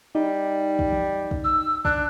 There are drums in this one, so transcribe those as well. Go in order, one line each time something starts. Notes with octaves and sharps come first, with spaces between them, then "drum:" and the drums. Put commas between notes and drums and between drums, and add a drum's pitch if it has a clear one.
G3 D#4
drum: kick
drum: tom E3
drum: kick
E6
D4 F#6, drum: kick